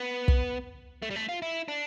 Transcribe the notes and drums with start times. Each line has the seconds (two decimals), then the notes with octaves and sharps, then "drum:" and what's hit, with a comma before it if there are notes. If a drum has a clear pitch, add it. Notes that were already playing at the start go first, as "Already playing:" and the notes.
Already playing: B3
0.28 drum: kick
1.02 A3
1.10 G3
1.16 A3
1.29 F4
1.42 E4
1.68 D4